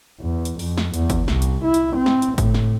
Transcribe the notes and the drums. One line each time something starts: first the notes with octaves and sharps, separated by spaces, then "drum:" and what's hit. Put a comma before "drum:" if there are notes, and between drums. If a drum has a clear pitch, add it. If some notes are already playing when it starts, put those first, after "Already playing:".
E2
drum: hi-hat
F2, drum: open hi-hat
drum: snare
E2, drum: hi-hat
drum: kick G1, hi-hat
C2, drum: snare
drum: hi-hat
E4
drum: hi-hat
C4
drum: snare
drum: hi-hat
A2, drum: kick G1, hi-hat
drum: snare